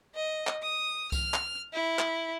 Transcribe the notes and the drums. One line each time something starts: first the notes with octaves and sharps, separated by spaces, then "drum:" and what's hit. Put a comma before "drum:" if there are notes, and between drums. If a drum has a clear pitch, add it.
D#5
drum: clap
D#6
F6, drum: kick C2, tambourine
drum: clap
E4
drum: clap